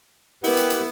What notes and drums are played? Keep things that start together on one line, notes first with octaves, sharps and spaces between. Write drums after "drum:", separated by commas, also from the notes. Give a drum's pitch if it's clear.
B3 E4 G4 A#4 B4 F#5, drum: open hi-hat
drum: hi-hat
drum: hi-hat